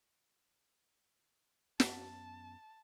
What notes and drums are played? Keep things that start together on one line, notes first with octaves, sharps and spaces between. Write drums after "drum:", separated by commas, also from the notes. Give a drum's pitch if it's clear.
F#2 B3 C#4 A5, drum: snare